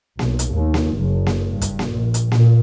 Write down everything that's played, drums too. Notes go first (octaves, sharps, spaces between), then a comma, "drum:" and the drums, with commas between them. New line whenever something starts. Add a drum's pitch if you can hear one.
B1, drum: snare A#3
drum: hi-hat
D#2
drum: snare A#3
F#1
drum: snare A#3
G2
drum: kick, hi-hat
drum: snare A#3
A#1
drum: hi-hat
A#2, drum: snare A#3